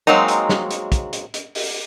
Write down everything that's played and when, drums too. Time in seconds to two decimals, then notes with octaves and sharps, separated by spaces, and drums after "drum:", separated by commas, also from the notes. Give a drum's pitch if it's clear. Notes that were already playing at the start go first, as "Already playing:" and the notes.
0.07 F#3 G#3 A#3 C4 D#4
0.28 drum: hi-hat
0.49 drum: snare
0.71 drum: hi-hat
0.92 drum: kick, hi-hat
1.13 drum: hi-hat
1.34 drum: hi-hat
1.55 drum: open hi-hat